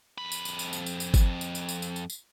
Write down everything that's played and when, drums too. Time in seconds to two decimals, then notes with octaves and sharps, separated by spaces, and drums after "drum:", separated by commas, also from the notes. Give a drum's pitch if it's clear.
0.18 F2 B5
0.32 drum: tambourine
0.45 drum: tambourine
0.59 drum: tambourine
0.73 drum: tambourine
0.86 drum: tambourine
1.00 drum: tambourine
1.14 drum: kick G1, tambourine
1.41 drum: tambourine
1.55 drum: tambourine
1.69 drum: tambourine
1.82 drum: tambourine
1.96 drum: tambourine
2.10 drum: tambourine